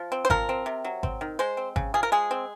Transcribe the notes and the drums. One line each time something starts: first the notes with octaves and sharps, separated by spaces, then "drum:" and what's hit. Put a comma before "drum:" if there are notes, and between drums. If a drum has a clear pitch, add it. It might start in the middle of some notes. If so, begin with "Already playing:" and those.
Already playing: F3
C4
C5
F3 A#4, drum: kick G#1
C4
C3
F#3
C4, drum: kick G#1
D#3
G#3 C5
C4
C#3, drum: kick G#1
F3 G#4
A#4
G#3 G#4
C4